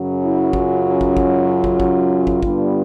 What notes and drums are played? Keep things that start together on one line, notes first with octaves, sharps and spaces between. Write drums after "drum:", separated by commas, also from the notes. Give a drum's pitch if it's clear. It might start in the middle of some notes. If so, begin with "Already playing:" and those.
Already playing: F#2 C#3 F#3
E4
F4, drum: kick
drum: kick
drum: kick
drum: kick
drum: kick
drum: kick
G2 D3 G3 B3, drum: kick